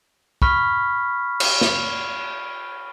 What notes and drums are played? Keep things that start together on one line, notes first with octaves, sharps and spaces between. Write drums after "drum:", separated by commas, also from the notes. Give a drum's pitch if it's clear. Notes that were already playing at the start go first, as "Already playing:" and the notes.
B5 C#6 F6 B6, drum: kick
drum: cymbal
drum: snare